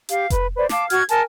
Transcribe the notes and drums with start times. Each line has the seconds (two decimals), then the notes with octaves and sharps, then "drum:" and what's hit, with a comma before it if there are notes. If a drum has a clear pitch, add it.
0.09 G4 F5, drum: hi-hat
0.30 B4, drum: kick F1, hi-hat
0.56 B4 C5 D5
0.69 F5 A5 D6, drum: snare
0.90 F#4 F#5 F6 G#6, drum: hi-hat
1.09 A#4 G#5 A5, drum: hi-hat